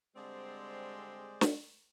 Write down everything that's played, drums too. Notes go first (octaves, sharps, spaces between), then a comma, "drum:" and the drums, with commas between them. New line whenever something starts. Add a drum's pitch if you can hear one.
D3 G3 G#3 C4 G#4 C5 D5
drum: snare